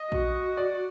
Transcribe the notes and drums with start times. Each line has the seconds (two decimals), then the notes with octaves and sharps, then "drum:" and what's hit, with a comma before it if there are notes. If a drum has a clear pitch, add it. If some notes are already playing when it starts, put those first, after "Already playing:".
Already playing: D#5
0.12 F#4, drum: kick A#1
0.57 D5